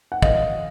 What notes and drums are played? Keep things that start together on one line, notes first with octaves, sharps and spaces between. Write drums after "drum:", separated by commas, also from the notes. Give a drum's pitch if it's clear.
F#5
E3 D#5 F5, drum: kick